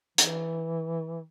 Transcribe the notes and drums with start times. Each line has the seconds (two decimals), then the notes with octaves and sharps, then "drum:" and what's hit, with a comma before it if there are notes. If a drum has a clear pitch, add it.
0.18 E3, drum: hi-hat